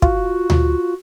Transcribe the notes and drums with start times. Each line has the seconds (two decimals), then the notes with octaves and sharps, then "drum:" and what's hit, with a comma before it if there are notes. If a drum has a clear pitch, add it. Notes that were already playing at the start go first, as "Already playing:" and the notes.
0.02 F4 F#4, drum: kick
0.50 drum: tom D2